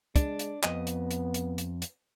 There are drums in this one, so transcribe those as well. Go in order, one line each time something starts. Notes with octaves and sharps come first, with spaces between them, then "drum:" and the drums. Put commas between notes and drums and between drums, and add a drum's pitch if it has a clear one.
G#3 D4, drum: kick, hi-hat
drum: hi-hat
F2 B3 D#5, drum: clap
drum: hi-hat
drum: hi-hat
drum: hi-hat
drum: hi-hat
drum: hi-hat